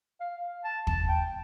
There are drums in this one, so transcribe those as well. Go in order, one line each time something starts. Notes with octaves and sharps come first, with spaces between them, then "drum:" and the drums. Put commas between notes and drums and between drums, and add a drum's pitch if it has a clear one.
F5
A5
A5, drum: kick
G5